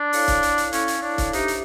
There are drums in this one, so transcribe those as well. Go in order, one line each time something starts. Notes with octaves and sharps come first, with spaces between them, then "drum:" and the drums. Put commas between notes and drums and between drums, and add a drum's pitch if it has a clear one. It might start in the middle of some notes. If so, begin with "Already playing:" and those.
Already playing: D4
E4 A4 C#5 F5, drum: open hi-hat
drum: kick C#1, hi-hat
drum: hi-hat
drum: hi-hat
C#4 E4 A4 C#5 F5, drum: hi-hat
drum: hi-hat
D4
drum: kick C#1, hi-hat
D4 D#4 G4 C5 E5, drum: hi-hat
drum: hi-hat